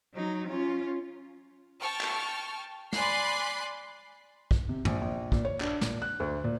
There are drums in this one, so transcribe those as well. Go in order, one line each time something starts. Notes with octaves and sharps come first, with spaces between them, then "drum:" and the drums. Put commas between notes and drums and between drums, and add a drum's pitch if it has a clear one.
F#3 D#4
C#4 F4
G5 A5 C#6 F6
drum: clap
D5 G#5 B5 C6 F#6 C7, drum: snare
drum: kick
C3
A#1, drum: tom
A#1
A#2, drum: kick
C#5
D4, drum: clap
A#2, drum: snare
F#6
D2
A#2